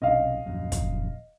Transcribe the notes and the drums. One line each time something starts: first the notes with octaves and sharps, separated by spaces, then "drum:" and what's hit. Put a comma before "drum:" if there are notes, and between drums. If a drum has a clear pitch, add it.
B1 C3 C#4 D#5 F5
D#1 A#1 F#2
drum: kick, hi-hat